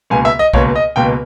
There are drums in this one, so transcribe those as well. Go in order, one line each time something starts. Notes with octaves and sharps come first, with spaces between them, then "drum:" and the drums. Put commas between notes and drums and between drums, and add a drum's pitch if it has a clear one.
C#2 B2 A#3 G#5
E5
D#5
C#2 B2 A#3 C#5, drum: kick B1
D#5
C#2 B2 A#3 G5